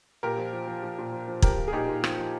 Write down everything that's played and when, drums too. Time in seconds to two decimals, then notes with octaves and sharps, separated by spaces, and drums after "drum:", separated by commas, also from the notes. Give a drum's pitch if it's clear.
0.23 A#2 G4 A#4
0.37 F3
0.53 F3
0.67 F3
0.83 F3
0.98 A#2
1.12 F3
1.28 F3
1.42 F3 G4 A#4, drum: kick
1.58 F3
1.68 G#4
1.72 A#2 D#4 G4
1.89 A#2
2.04 F3, drum: rim click
2.18 F3